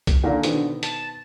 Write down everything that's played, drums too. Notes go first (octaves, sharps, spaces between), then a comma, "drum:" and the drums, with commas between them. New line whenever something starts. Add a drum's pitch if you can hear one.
drum: kick, hi-hat
A#2 D3 D#3 A#3
B2 D#3 C4, drum: hi-hat
A5, drum: hi-hat